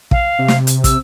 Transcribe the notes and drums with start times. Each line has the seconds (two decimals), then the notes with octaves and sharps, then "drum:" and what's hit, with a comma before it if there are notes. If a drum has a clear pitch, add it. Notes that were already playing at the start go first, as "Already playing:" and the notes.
0.11 F5, drum: kick
0.39 C3
0.48 drum: snare
0.67 drum: hi-hat
0.84 E6, drum: kick, hi-hat